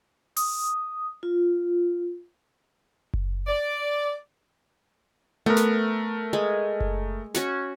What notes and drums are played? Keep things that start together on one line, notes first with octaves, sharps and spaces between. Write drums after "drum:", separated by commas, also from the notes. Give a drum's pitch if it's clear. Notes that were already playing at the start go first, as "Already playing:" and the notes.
D#6, drum: open hi-hat
F4
drum: kick F#1
D5
A3 B3 A#4
drum: snare
G#3
drum: kick F#1
C#4 F#4 C#6, drum: snare